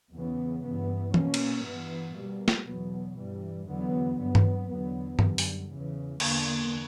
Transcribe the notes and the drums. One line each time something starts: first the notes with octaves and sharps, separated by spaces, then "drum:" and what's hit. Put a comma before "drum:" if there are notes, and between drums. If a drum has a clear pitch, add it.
E2 C#3 E3 B3
G2 E3 B3
B2 A#3 C#4, drum: tom E3
drum: cymbal
G2 E3 B3
B2 G3 A#3
drum: snare
E2 B2 F#3 B3
G2 E3 G3
E2 D3 F#3 B3
G2 F#3 B3
drum: tom G2
E2 D3 F#3 B3
F#2 D3 G3, drum: tom G2
drum: open hi-hat
E2 C#3 E3
E2 D3 A#3, drum: cymbal